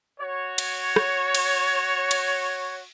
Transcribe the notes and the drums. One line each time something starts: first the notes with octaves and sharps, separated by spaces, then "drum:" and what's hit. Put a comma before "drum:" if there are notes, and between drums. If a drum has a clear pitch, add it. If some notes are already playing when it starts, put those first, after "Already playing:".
F#4 C#5
drum: cymbal
drum: rim click
drum: cymbal
drum: cymbal